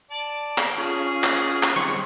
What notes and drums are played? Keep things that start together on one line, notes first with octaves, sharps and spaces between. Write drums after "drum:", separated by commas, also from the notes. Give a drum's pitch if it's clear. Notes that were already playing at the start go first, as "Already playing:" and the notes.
D5 A5
drum: clap
C#4 F4 G#4
drum: clap
drum: clap
D#3 G3 C4 C#6